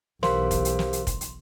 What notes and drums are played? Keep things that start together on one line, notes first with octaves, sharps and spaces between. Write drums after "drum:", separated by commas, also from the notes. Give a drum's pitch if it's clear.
B1 E3 G4 A#4 C5 F5 C6, drum: snare
drum: kick, hi-hat
drum: hi-hat
drum: snare
drum: hi-hat
drum: kick, hi-hat
drum: hi-hat